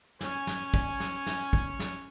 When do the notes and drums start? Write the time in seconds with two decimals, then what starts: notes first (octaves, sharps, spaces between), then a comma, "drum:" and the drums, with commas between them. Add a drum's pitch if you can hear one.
0.21 C#4 G#5, drum: snare
0.47 drum: snare
0.74 drum: kick
1.00 drum: snare
1.27 drum: snare
1.53 drum: kick
1.79 drum: snare